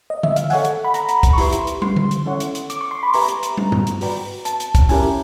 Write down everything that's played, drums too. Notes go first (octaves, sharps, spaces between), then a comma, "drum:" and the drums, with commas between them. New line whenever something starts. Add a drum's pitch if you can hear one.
D#5
E5, drum: tom D3
F5, drum: hi-hat
A4 C#5 E5 F#5 G#5, drum: open hi-hat
drum: hi-hat
B5
A#5, drum: hi-hat
drum: hi-hat
drum: kick, hi-hat
C#6
E4 G4 B4 E5 C6, drum: open hi-hat
drum: hi-hat
drum: hi-hat
C6, drum: tom
drum: tom D3
drum: hi-hat
C#4 E4 A4 C#5 F#5
drum: hi-hat
drum: hi-hat
D6, drum: hi-hat
C#6
C6
B5
G4 B4 E5 G#5 A#5 C#6, drum: open hi-hat
drum: hi-hat
drum: hi-hat
drum: tom
drum: tom G2
drum: hi-hat
F#4 B4 D5 G5 A#5, drum: open hi-hat
A5, drum: hi-hat
drum: hi-hat
drum: kick, hi-hat
C#4 E4 G4 A#4 G#5, drum: open hi-hat